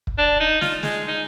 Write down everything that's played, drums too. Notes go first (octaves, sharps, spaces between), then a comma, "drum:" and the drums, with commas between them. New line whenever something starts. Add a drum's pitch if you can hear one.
drum: kick
D4
D#4
F4, drum: snare
G#3, drum: snare
D#4